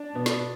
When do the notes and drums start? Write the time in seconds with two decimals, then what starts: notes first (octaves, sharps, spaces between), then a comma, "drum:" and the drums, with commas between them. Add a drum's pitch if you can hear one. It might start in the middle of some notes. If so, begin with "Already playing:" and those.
Already playing: D4
0.14 B2 B3
0.26 drum: snare